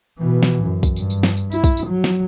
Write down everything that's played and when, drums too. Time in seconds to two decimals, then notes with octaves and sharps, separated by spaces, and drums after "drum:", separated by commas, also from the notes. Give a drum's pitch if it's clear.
0.19 B2 E3
0.43 drum: snare
0.64 F#2
0.83 drum: kick, tambourine
0.96 G2, drum: tambourine
1.10 drum: tambourine
1.23 drum: snare
1.37 drum: tambourine
1.52 E4, drum: tambourine
1.64 drum: kick, tambourine
1.77 drum: tambourine
1.87 F#3
2.04 drum: snare